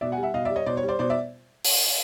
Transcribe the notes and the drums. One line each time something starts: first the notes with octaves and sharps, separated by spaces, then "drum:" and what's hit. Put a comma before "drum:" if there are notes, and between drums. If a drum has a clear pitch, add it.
B2 D5 E5
F#5 G#5
G3
E5 F#5
B2 D#5 F5
D5 E5
G3
C#5 D#5
B2 C5 D5
C#5
G3
C5 D5
B2 C5 D5
D5 E5
drum: open hi-hat